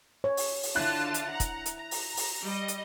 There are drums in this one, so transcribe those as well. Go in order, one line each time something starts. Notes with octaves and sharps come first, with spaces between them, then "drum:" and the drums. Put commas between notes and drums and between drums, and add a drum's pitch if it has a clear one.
C#5
drum: open hi-hat
drum: open hi-hat
D3 E4 F4 A5 F#6
drum: hi-hat
F#5 A#5
drum: kick, hi-hat
drum: hi-hat
A#5
drum: open hi-hat
drum: open hi-hat
G3 D#5
drum: hi-hat